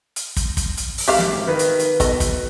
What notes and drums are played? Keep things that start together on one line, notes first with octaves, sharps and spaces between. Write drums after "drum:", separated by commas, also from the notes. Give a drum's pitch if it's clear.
drum: hi-hat
drum: kick, hi-hat
drum: kick, hi-hat
drum: hi-hat
drum: open hi-hat
G#1 G4 E5 F5
drum: snare
D#3 B4
drum: hi-hat
drum: hi-hat
B2 A4 D#5, drum: kick, hi-hat
drum: kick, hi-hat